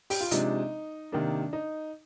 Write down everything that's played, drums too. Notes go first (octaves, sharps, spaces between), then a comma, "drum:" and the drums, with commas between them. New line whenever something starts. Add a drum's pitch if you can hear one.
G4, drum: open hi-hat
F4
C3 F3 G#3 D4 D#4, drum: hi-hat
C3 D#3 A#3 D4
D#4